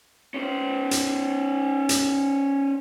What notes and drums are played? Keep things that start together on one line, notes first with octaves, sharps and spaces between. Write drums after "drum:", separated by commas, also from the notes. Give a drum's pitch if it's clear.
C#4 C5
drum: hi-hat
drum: hi-hat